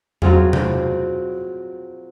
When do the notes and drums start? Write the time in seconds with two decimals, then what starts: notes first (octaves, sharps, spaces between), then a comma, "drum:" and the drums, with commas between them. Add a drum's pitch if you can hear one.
0.22 F#3 C4 F4 G#4, drum: tom E2
0.53 drum: tom C3